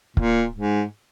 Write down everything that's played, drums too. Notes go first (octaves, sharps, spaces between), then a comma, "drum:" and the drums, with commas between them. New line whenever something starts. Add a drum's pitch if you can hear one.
A#2, drum: kick
G#2